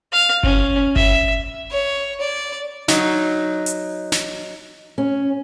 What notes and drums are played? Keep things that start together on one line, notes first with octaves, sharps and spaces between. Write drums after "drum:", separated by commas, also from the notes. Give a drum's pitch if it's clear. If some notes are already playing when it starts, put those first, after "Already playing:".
F5
C#4, drum: kick G1
E5, drum: kick G1
C#5
D5
F#3 D#4, drum: snare
drum: hi-hat
drum: snare
C#4